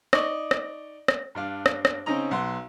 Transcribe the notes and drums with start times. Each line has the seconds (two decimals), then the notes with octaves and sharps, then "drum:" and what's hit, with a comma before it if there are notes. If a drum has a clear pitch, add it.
0.13 D#4 D5 D#5 C#6, drum: rim click
0.51 drum: rim click
1.08 drum: rim click
1.35 G2 D4 F5
1.66 drum: rim click
1.85 drum: rim click
2.06 C#3 C4 C#4 D#4 D#5 A#5
2.31 B1 F#5 C6